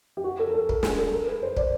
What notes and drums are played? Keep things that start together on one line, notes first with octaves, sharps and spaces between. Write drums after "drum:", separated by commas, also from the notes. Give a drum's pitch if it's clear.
G4
F#4
A4
A#4
A4
A#4, drum: kick
G#4, drum: snare
A4
A#4
B4
C5
D5, drum: kick